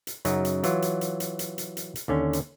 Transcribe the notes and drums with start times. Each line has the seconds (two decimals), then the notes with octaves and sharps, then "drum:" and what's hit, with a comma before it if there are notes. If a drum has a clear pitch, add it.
0.07 drum: hi-hat
0.25 F#2 C#3 F#3 D#4, drum: hi-hat
0.45 drum: hi-hat
0.63 E3 F#3 F4, drum: hi-hat
0.82 drum: hi-hat
1.01 drum: hi-hat
1.20 drum: hi-hat
1.39 drum: hi-hat
1.58 drum: hi-hat
1.77 drum: hi-hat
1.96 drum: hi-hat
2.08 D#2 D3 C#4
2.33 drum: hi-hat